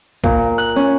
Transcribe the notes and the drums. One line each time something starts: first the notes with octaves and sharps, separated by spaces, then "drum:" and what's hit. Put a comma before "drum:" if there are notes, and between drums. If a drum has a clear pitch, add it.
A#2, drum: kick C2
F#6
C#4